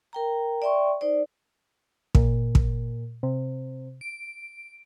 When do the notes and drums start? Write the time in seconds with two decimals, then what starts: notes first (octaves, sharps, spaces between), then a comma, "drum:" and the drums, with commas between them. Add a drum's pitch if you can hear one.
0.13 A#4 G5 A#5
0.62 D5 E5 G5 C6 C#6
1.01 D#4 C5 D5
2.15 A#2, drum: kick
2.55 drum: kick
3.23 C3
4.01 D7